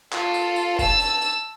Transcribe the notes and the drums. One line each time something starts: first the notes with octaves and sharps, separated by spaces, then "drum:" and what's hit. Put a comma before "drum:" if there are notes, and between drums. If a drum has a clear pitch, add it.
F4 A4, drum: clap
drum: tambourine
drum: tambourine
A5 E6, drum: kick F#1, tambourine
drum: tambourine
drum: tambourine